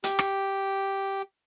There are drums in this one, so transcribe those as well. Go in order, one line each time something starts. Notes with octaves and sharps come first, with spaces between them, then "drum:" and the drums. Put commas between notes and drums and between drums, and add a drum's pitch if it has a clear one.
G4, drum: hi-hat
drum: rim click